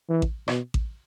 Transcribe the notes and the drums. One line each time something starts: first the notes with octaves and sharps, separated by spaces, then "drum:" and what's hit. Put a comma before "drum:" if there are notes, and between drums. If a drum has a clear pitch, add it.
E3
drum: kick A1
B2, drum: rim click
drum: kick A1